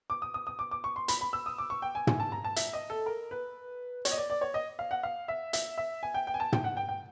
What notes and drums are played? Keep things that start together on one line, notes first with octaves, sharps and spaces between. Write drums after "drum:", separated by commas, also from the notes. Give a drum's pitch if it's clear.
D6
D#6
D#6
D#6
D6
D6
C#6
C6
B5, drum: hi-hat
B5
E6
D#6
D6
C#6
G5
G#5
G#5, drum: tom
A5
A#5
A5
E5, drum: hi-hat
D#5
A4
A#4
B4
C#5, drum: hi-hat
D#5
D5
D5
C#5
D#5
F5
F#5
F5
E5
E5, drum: hi-hat
E5
G#5
G5
G5
G#5
A5
G5, drum: tom
F#5
G5
G5